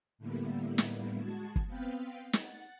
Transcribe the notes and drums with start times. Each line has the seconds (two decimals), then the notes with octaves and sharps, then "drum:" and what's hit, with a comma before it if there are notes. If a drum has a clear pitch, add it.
0.18 A2 D3 G3 A#3 B3 E4
0.78 drum: snare
1.17 G#3 F#4 A5 G#6
1.56 drum: kick
1.67 B3 C4 B4 F5 G5
2.33 F#5 A6, drum: snare